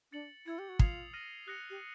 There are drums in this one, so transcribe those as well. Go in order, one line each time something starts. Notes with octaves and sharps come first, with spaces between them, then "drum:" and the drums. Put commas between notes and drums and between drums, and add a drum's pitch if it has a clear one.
D4 A6 C#7 F#7
E4 E6 G#6 C#7
G4
F#4
F4 D#6 G#6 C7 F7, drum: kick
F6 A#6 D#7 F#7
G4 D#6 F#6 A#6 C#7
G4